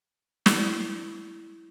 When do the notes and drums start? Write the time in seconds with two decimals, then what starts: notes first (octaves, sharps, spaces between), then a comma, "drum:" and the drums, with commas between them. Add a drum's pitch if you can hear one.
0.46 E4, drum: snare